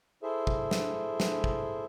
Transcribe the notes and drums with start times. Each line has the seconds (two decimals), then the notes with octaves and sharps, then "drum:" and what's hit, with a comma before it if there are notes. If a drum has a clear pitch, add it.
0.23 E4 G#4 A4 C5 E5
0.47 drum: kick
0.71 drum: snare
1.20 drum: snare
1.44 drum: kick